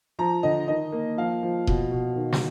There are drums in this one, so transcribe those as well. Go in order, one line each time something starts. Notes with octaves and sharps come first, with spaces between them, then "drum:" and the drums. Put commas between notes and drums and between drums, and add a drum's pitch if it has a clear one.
F3 A#5
D3 D#5
D#3 D#5
A#3
F3 F5
F3
B2, drum: kick D#1
B2
D#3
drum: snare